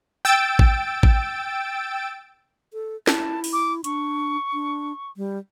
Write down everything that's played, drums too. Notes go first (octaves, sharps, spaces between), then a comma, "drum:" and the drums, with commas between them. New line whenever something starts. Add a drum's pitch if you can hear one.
G5 E6 A6 D7
drum: kick
drum: kick
A4
E4 A5, drum: snare
drum: open hi-hat
D6
D4 C#6, drum: hi-hat
D4
G3